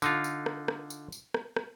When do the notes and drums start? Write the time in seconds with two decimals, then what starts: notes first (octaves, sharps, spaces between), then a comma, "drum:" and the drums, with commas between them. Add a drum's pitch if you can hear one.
0.02 D3 D#4 F4, drum: tambourine
0.24 drum: tambourine
0.46 drum: rim click
0.68 drum: rim click
0.90 drum: tambourine
1.12 drum: tambourine
1.34 drum: rim click
1.56 drum: rim click